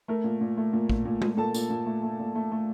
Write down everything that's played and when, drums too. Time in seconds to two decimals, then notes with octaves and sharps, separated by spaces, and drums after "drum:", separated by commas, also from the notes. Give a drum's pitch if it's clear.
0.08 A3 A#4
0.24 A#2
0.41 A#2
0.57 A3
0.73 A#2
0.90 A#2, drum: kick
1.05 A#2
1.22 A#2, drum: tom G#3
1.37 A#2 A4 A5
1.54 A#2, drum: tambourine
1.70 A#2
1.86 A3
2.03 A3
2.19 A#2
2.35 A3
2.52 A3